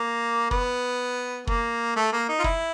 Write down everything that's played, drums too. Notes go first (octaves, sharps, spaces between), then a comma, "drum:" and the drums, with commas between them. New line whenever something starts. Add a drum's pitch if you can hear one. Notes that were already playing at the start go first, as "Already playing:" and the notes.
Already playing: A#3
B3, drum: kick
A#3, drum: kick
A3
A#3
D#4
F4
E4, drum: kick